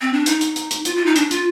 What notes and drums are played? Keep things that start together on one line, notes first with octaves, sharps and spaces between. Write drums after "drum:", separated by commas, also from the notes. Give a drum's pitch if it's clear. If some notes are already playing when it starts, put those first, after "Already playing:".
C4
D4
D#4, drum: hi-hat
drum: hi-hat
drum: hi-hat
drum: hi-hat
F4, drum: hi-hat
F4
D#4
D4, drum: hi-hat
F4, drum: hi-hat